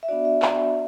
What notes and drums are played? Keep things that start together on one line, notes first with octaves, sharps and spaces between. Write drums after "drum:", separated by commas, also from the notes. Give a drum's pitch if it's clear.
E5
B3 D4 F#4 D5
E5
drum: clap